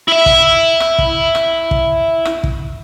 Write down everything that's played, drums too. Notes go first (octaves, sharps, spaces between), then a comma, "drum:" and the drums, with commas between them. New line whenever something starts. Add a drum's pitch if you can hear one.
E4 E5
drum: kick
drum: rim click
drum: kick
drum: rim click
drum: kick
drum: rim click
drum: kick